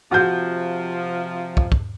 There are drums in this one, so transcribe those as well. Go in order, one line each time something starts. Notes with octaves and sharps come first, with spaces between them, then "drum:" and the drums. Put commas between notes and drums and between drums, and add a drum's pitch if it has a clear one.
C3 F3 F#4 G6
drum: kick
drum: kick